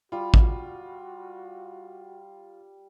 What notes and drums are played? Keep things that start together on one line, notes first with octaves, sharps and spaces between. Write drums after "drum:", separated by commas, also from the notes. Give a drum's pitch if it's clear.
G3 F4 F#4
drum: kick A1